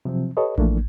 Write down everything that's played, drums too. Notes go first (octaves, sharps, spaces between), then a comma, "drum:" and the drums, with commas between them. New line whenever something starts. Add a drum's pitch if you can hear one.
C3 F3 F#3 C4
G4 A4 B4 C#5 D#5
E3 F3 A3 A#3 D4, drum: kick A1